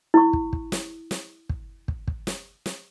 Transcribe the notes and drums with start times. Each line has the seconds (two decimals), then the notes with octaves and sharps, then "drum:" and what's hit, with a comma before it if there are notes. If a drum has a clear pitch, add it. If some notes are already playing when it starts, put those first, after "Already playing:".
0.14 E4 C#6
0.33 drum: kick
0.53 drum: kick
0.72 drum: snare
1.11 drum: snare
1.49 drum: kick
1.88 drum: kick
2.08 drum: kick
2.27 drum: snare
2.66 drum: snare